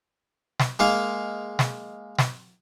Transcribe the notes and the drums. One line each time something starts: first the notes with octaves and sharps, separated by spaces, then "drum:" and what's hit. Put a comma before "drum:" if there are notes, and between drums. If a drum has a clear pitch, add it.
drum: snare
G#3 A#3 F5
drum: snare
drum: snare